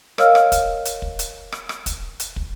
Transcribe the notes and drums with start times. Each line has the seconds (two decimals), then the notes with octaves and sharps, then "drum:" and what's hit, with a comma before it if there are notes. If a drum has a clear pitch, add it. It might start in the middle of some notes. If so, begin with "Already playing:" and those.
0.18 A#4 C#5 D#5 F5 E6 F6, drum: rim click
0.35 drum: rim click
0.52 drum: kick, hi-hat
0.85 drum: hi-hat
1.02 drum: kick
1.19 drum: hi-hat
1.52 drum: rim click
1.69 drum: rim click
1.86 drum: kick, hi-hat
2.20 drum: hi-hat
2.36 drum: kick